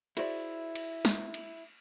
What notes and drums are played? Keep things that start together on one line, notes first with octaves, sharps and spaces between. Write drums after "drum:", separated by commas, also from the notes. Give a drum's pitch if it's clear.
E4 F#4 G#4 C5 D5 E5, drum: cymbal
drum: cymbal
drum: snare
drum: cymbal